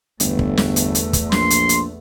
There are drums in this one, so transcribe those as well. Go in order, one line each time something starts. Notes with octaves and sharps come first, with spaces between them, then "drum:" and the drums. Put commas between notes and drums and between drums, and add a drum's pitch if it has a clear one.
G1 E2 A3, drum: hi-hat
drum: kick
drum: snare
drum: hi-hat
drum: hi-hat
drum: kick, hi-hat
A#1 C6, drum: snare
drum: hi-hat
drum: hi-hat